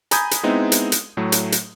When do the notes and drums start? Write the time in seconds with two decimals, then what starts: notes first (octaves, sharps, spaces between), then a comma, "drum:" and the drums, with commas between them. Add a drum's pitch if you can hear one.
0.11 G#5 A#5 B5 D#6 G6 G#6, drum: hi-hat
0.31 drum: hi-hat
0.43 G#3 B3 C4 D#4 E4
0.72 drum: hi-hat
0.92 drum: hi-hat
1.17 A2 F#3 A3
1.32 drum: hi-hat
1.52 drum: hi-hat